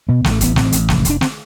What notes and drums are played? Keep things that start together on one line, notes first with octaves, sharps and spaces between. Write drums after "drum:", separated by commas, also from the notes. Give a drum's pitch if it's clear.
B2 B3
A1, drum: snare
A3
A1 B3, drum: kick, hi-hat
A1 C4, drum: snare
A1, drum: hi-hat
F1, drum: snare
F1 D4, drum: kick, hi-hat
C4, drum: snare